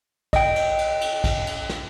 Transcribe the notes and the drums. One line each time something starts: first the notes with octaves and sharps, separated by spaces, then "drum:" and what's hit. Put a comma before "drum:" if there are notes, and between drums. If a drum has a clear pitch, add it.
D#5 G5, drum: kick A#1, cymbal
drum: cymbal
drum: cymbal
drum: cymbal
drum: kick A#1, cymbal
drum: cymbal
drum: snare